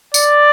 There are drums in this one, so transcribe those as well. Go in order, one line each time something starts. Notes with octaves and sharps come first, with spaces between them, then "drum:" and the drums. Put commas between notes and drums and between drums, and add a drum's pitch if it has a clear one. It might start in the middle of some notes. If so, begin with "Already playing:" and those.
D5, drum: tambourine